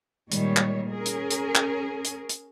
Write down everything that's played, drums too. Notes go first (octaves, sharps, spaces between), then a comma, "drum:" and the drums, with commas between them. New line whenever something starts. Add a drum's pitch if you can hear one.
A#2 D#3 G3 G#3 C#5, drum: hi-hat
drum: clap
C#4 G#4 A#4
drum: hi-hat
drum: hi-hat
drum: clap
drum: hi-hat
drum: hi-hat